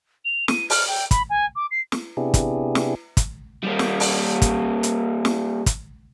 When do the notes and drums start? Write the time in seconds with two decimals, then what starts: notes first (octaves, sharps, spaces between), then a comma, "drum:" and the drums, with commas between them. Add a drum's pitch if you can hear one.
0.25 F7
0.48 D#7, drum: snare
0.70 F6, drum: open hi-hat
0.88 G5
1.11 B5, drum: kick, hi-hat
1.30 G#5
1.56 D6
1.71 C7
1.92 drum: snare
2.17 C3 B3 D4 E4 G4 G#4
2.34 drum: kick, hi-hat
2.75 drum: snare
3.17 drum: kick, hi-hat
3.63 G3 A#3
3.79 drum: snare
4.00 drum: open hi-hat
4.42 drum: kick, hi-hat
4.83 drum: hi-hat
5.25 drum: snare
5.66 drum: kick, hi-hat